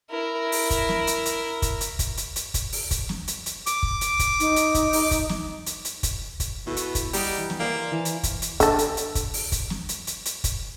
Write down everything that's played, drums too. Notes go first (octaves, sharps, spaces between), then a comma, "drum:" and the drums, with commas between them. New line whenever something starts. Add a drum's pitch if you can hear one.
E4 A#4
drum: open hi-hat
drum: kick, hi-hat
drum: snare
drum: hi-hat
drum: hi-hat
drum: kick, hi-hat
drum: hi-hat
drum: kick, hi-hat
drum: hi-hat
drum: hi-hat
drum: kick, hi-hat
drum: open hi-hat
drum: kick, hi-hat
drum: snare
drum: hi-hat
drum: hi-hat
D6, drum: hi-hat
drum: kick
drum: hi-hat
drum: kick, hi-hat
D#4, drum: hi-hat
drum: hi-hat
drum: kick, hi-hat
drum: open hi-hat
drum: kick, hi-hat
drum: snare
drum: hi-hat
drum: hi-hat
drum: kick, hi-hat
drum: kick, hi-hat
B2 E4 A4
drum: hi-hat
drum: kick, hi-hat
G3 D#5 F#5 A#5, drum: open hi-hat
E3
drum: snare
A#3 C5 D5
E3 A5
drum: hi-hat
drum: kick, hi-hat
drum: hi-hat
D3 A4, drum: kick, hi-hat
drum: hi-hat
drum: hi-hat
drum: kick, hi-hat
drum: open hi-hat
drum: kick, hi-hat
drum: snare
drum: hi-hat
drum: hi-hat
drum: hi-hat
drum: kick, hi-hat